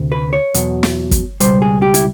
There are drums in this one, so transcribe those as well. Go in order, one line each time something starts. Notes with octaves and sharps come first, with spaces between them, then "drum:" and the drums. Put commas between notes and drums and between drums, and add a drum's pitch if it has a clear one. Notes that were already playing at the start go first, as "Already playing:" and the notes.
Already playing: D2 C3
B4
C#5
E2 B2 F#3, drum: hi-hat
drum: snare
drum: kick, hi-hat
C#2 B2 G3 C5, drum: hi-hat
G#4
G4
E4, drum: hi-hat